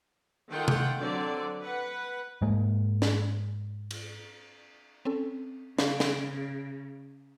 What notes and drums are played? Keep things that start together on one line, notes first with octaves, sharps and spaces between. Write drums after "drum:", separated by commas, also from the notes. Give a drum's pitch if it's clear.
D#3 F4 A4 F#5 G5
drum: tom C3
D3 F#3 C4 D5
B4 F#5
G#2 G#3 A#3
drum: snare
drum: cymbal
C4 C#4 A4
C#3 F5, drum: snare
drum: snare